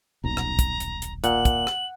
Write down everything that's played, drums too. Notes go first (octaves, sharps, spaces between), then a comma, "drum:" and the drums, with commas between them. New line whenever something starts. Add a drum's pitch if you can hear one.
D#1 B1 A#5
drum: rim click
drum: kick, hi-hat
drum: hi-hat
drum: hi-hat
A#2 F#5 F#7, drum: hi-hat
drum: kick, hi-hat
drum: rim click